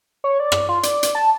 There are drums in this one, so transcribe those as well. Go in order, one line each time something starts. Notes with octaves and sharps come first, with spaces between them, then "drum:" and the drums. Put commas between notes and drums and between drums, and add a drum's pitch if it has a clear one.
C#5
D5
drum: rim click
F4
D5, drum: hi-hat
drum: hi-hat
A5